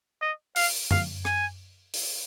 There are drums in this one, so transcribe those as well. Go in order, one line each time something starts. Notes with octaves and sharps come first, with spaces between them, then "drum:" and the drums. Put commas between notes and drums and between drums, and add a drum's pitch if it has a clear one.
D#5
F5, drum: open hi-hat
F5, drum: tom F#2
G#5, drum: rim click
drum: open hi-hat